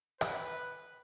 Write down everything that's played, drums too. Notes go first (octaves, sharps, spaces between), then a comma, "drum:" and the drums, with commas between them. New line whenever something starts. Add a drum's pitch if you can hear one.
B4, drum: rim click